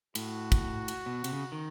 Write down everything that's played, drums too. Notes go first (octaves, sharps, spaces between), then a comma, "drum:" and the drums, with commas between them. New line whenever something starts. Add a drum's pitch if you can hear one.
A2 F#4, drum: cymbal
drum: kick, cymbal
drum: cymbal
B2
C3, drum: cymbal
C#3
D#3